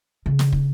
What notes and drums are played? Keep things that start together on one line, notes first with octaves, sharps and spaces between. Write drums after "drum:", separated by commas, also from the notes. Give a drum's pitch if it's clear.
C#3
drum: snare
drum: kick